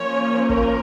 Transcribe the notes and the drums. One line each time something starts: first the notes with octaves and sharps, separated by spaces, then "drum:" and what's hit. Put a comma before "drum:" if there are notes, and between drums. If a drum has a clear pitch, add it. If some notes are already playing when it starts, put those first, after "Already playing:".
Already playing: F3 A#3 C#4 C#5
A#4, drum: kick